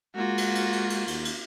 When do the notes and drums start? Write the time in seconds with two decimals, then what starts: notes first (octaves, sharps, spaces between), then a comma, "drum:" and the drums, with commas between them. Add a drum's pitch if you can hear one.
0.16 G#3 A#3 F4 F#4
0.38 drum: cymbal
0.55 drum: cymbal
0.73 drum: cymbal
0.90 drum: cymbal
1.07 D#2, drum: cymbal
1.25 drum: cymbal